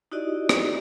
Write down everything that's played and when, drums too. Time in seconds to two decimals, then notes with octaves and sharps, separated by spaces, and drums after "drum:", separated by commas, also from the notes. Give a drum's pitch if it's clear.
0.12 D#4 E4 F#4 G4 D5 D#5
0.49 drum: rim click